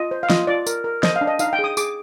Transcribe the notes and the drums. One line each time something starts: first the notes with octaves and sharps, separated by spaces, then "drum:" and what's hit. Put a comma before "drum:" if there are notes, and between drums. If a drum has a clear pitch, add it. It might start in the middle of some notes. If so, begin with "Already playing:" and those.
Already playing: F4 D#5
C5
F5
F4 D#5, drum: snare
F4 D5
A#4, drum: tambourine
A#4
C5 D#5, drum: snare
F5
D4
D#5
D#4 F5, drum: tambourine
G5
G#4
D#6
G#4 D6, drum: tambourine